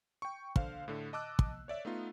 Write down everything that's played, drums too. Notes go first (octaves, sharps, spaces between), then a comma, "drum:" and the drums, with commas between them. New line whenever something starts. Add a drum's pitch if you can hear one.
G5 C#6
D3 C5 F5, drum: kick
A2 D3
D#5 A5 D6 E6 F#6
drum: kick
C#5 D5 E5
A3 B3 D#4 F4